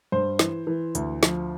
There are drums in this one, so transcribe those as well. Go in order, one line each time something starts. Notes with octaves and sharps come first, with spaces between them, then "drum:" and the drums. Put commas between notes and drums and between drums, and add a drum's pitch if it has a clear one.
G2 C5
E3, drum: snare
E3
D2, drum: hi-hat
F3, drum: snare